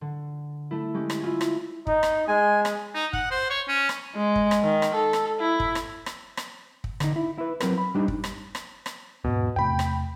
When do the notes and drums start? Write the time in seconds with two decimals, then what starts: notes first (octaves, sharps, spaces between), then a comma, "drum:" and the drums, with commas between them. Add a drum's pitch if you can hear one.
0.01 D3
0.71 A3 E4
0.94 G#3 C#4 G4
1.10 drum: rim click
1.21 E4 F4 G#5
1.41 drum: rim click
1.87 D#4, drum: kick
2.03 drum: rim click
2.28 G#3 G#5
2.65 drum: rim click
2.94 D#4
3.13 F#5, drum: kick
3.31 C5
3.50 C#5
3.68 C#4
3.89 drum: rim click
4.15 G#3
4.36 drum: kick
4.51 drum: rim click
4.63 D#3
4.82 drum: rim click
4.95 A4
5.13 drum: rim click
5.40 E4
5.60 drum: kick
5.75 drum: rim click
6.06 drum: rim click
6.37 drum: rim click
6.84 drum: kick
7.00 D3 D#4, drum: rim click
7.16 E4
7.38 E4 B4
7.60 F#3 C4 A#4 B4, drum: rim click
7.78 B5
7.95 G3 D4 D#4
8.08 drum: kick
8.24 drum: rim click
8.55 drum: rim click
8.86 drum: rim click
9.24 D#2 G#2 B2
9.56 E2 C3 A3 G5 B5
9.79 drum: rim click